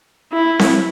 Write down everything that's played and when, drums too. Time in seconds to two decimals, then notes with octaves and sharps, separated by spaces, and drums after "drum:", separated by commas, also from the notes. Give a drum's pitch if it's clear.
0.32 E4
0.59 drum: snare C4